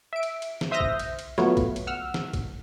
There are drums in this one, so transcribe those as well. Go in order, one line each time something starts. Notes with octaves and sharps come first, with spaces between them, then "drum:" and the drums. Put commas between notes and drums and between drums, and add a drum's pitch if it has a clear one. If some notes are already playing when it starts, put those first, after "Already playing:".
E5 D7
drum: cymbal
drum: cymbal
drum: snare
C5 E5 D#6 F6 G6 A#6
drum: kick A#1
drum: cymbal
drum: cymbal
F#3 A3 B3 F4 C#5, drum: snare
drum: kick A#1, cymbal
drum: cymbal
F#5 E6 F6
drum: snare
drum: kick A#1, cymbal